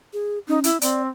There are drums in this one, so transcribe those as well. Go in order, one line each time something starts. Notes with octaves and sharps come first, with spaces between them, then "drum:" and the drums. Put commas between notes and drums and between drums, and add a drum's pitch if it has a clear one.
G#4
C#4 D#4
E4, drum: hi-hat
C4 D5, drum: hi-hat